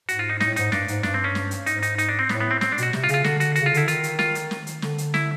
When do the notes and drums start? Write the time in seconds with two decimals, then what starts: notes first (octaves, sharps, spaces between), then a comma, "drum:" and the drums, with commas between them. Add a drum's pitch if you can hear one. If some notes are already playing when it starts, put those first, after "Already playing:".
0.09 G#2 F#4, drum: hi-hat
0.19 F4
0.30 D#4
0.40 A2 D#4, drum: snare
0.56 G#2 D#4, drum: hi-hat
0.72 G2 D4, drum: snare
0.88 G#2, drum: hi-hat
1.03 G2 D4, drum: snare
1.14 C4
1.24 C#4
1.35 drum: snare
1.51 drum: hi-hat
1.66 G#2 D#4, drum: hi-hat
1.83 D#4, drum: hi-hat
1.98 D#4, drum: hi-hat
2.09 D4
2.19 C4
2.29 A2 B3, drum: snare
2.40 B3
2.51 C4
2.61 C4, drum: snare
2.72 D4
2.78 B2 F#4, drum: hi-hat
2.93 C3, drum: snare
3.04 F4
3.09 C#3, drum: hi-hat
3.14 F4
3.24 D3 F#4, drum: snare
3.40 F#4, drum: hi-hat
3.56 F#4, drum: hi-hat
3.61 C#3
3.66 F4
3.74 D3 E4, drum: hi-hat
3.88 D#3 F4, drum: hi-hat
4.03 drum: hi-hat
4.19 F4, drum: snare
4.35 drum: hi-hat
4.51 drum: snare
4.67 drum: hi-hat
4.82 D3, drum: snare
4.98 drum: hi-hat
5.14 E4, drum: snare